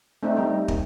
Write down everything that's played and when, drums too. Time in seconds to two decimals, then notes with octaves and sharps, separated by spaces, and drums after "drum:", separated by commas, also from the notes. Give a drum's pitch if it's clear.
0.23 A3 C4 D4 D#4
0.35 G3 D#4 G5
0.68 A#3, drum: kick